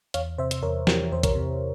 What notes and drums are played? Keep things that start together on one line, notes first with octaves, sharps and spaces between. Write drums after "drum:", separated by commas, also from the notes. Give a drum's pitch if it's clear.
E2 C#5 F5, drum: hi-hat
C3 C5 E5
drum: hi-hat
E2 A#4 C#5
E3 G4 A#4, drum: snare
E2 C5
A#4 C#5, drum: kick B1, hi-hat
C3